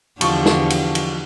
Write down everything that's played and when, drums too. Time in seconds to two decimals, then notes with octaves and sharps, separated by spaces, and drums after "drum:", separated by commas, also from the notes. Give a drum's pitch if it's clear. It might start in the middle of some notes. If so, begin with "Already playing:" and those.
0.21 E2 D3 F3 G4 C#6, drum: cymbal
0.46 drum: snare
0.70 drum: cymbal
0.95 drum: cymbal